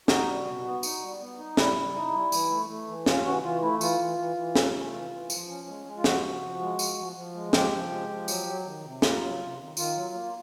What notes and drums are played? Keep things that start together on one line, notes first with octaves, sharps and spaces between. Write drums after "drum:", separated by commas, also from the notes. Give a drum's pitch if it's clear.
D#4 F#4, drum: snare
G3
B2
B3
D#4, drum: tambourine
G3
B3
D#4
G3 E4, drum: snare
G3
D#4
G3
E3, drum: tambourine
A3
A3
E3
C#4 F4, drum: snare
E3 F#4
E3 F4
A3 E4
E3 F4, drum: tambourine
E3
E3
E3
C#4, drum: snare
A3
E3
E3
F3, drum: tambourine
C#4
G#3
G#3
F4
F3 F#4, drum: snare
F3
F3
G#3
F3, drum: tambourine
F3
F3
G#3
F3 G4, drum: snare
F3
G#3
F3
F#3, drum: tambourine
F#3
D#3
C3
A#3 F4, drum: snare
F#3
C3
D#3
D#3 F4, drum: tambourine
F#3
A#3